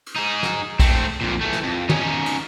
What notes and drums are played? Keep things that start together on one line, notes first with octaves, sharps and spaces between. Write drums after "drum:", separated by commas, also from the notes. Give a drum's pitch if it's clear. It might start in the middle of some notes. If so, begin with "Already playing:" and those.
drum: cymbal
D#4 G#4
drum: snare
A3 C4, drum: kick A#1, cymbal
F2 A#2
E3 A3
drum: snare
F2
C#4 D#4, drum: tom
drum: cymbal